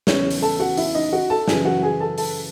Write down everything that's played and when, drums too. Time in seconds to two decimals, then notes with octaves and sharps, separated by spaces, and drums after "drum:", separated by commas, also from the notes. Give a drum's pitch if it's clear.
0.07 E2 C#3 E3 C#4 C#5, drum: snare
0.31 drum: open hi-hat
0.42 A4 A5
0.60 F#4 F#5
0.77 E4 E5, drum: open hi-hat
0.95 D#4 D#5
1.13 F#4 F#5
1.30 A4 A5
1.48 F#2 C#3 E3 G#4 G#5, drum: snare
1.65 F#4 F#5
1.83 G#4 G#5
2.00 A4 A5
2.18 A4 A5, drum: open hi-hat